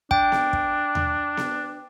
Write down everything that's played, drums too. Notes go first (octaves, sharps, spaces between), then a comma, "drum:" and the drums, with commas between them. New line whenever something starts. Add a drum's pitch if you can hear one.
D4 G5, drum: kick
drum: snare B3
drum: kick
drum: tom D#2
drum: snare B3